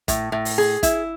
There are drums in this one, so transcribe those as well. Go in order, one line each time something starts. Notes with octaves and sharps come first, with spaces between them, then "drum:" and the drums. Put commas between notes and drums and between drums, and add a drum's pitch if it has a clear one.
A2, drum: kick, hi-hat
A2
drum: open hi-hat
G#4
E4, drum: kick, hi-hat